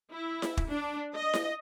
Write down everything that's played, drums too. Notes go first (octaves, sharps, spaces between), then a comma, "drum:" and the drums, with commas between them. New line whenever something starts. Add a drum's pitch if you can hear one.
E4
drum: snare E4
drum: kick
D4
D#5
drum: snare E4